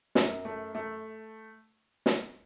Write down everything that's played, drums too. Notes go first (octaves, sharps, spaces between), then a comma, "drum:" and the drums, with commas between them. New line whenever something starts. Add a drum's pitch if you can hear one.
F#2, drum: snare
A3
A3
drum: snare